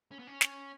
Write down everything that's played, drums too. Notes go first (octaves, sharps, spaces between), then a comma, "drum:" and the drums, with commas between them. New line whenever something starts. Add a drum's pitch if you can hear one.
C#4
B3
C#4
drum: snare